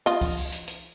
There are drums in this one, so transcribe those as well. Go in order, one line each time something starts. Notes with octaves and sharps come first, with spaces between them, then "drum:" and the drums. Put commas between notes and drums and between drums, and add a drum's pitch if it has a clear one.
F4 D#5
drum: kick C#2, open hi-hat
drum: open hi-hat
drum: hi-hat
drum: hi-hat